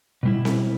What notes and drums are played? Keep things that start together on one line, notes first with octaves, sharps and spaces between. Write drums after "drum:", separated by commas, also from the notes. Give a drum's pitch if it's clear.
B2 G3 E4
drum: snare C4